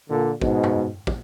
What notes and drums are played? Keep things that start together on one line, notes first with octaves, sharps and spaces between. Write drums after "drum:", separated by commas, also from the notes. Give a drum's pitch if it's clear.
A#2 D3
G#2 B2, drum: kick
drum: tom F#2
drum: kick